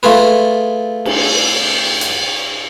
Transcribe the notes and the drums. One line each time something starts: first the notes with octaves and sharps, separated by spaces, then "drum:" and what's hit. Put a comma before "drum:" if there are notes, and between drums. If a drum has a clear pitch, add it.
A3 F4 G#4 B4
drum: cymbal
drum: hi-hat